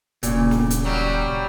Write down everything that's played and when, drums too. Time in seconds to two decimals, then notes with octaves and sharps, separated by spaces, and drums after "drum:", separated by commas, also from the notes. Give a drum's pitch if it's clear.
0.23 D#1 A#2 C#3, drum: hi-hat
0.51 drum: snare
0.70 drum: hi-hat
0.85 F#3 G3